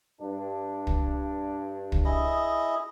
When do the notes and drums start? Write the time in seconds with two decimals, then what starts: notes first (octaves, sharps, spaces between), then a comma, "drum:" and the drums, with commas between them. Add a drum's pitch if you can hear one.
0.21 G2 D4
0.87 drum: kick
1.92 drum: kick
2.05 E4 G#4 D#5